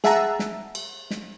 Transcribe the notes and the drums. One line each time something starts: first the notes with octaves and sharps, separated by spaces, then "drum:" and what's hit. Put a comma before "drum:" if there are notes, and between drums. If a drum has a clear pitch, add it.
G#4 E5 F#5 A5 A#5, drum: snare
drum: snare
drum: cymbal
drum: snare